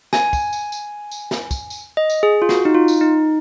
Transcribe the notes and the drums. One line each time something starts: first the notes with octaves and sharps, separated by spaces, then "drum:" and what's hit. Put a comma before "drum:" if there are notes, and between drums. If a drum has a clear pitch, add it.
G#5, drum: snare
drum: kick, tambourine
drum: tambourine
drum: tambourine
drum: tambourine
drum: snare
drum: kick, tambourine
drum: tambourine
D#5
drum: tambourine
G#4
F4
F#4, drum: snare
D#4
F4
drum: tambourine
D#4